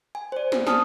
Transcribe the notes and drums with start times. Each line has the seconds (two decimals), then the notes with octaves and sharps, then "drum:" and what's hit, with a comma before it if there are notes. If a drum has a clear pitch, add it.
0.15 G#5
0.32 C5 D5
0.52 drum: snare
0.67 G#5 A5 D#6 F6, drum: snare